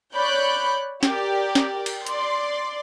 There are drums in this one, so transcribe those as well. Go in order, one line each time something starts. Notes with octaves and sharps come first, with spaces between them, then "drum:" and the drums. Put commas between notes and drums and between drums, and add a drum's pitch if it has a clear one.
C#5 D5 B5 F#6 G6
G4 A#4 D5, drum: snare
drum: snare
drum: cymbal
D5 C6, drum: hi-hat